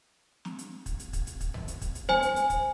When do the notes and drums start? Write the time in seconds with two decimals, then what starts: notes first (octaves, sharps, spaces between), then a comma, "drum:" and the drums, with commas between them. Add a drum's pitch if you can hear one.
0.45 drum: snare
0.59 drum: hi-hat
0.86 drum: kick, hi-hat
1.00 drum: hi-hat
1.13 drum: kick, hi-hat
1.27 drum: hi-hat
1.40 drum: kick, hi-hat
1.54 drum: tom
1.68 drum: hi-hat
1.81 drum: kick, hi-hat
1.95 drum: hi-hat
2.09 C5 G#5, drum: snare
2.22 drum: hi-hat
2.36 drum: hi-hat
2.50 drum: kick, hi-hat